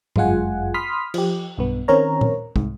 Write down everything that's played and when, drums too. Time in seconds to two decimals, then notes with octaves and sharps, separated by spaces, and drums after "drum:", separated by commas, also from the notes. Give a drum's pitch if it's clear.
0.16 G1 F#2 G#3 F4 F#5 G#5, drum: tom G#2
0.74 B5 C6 D#6 F6 B6
1.14 F3 G4, drum: cymbal
1.57 B1 G2 B3
1.88 D#3 C4 C#4 A#4 C#5 A#5
2.21 drum: tom A#2
2.56 C2 G#2, drum: kick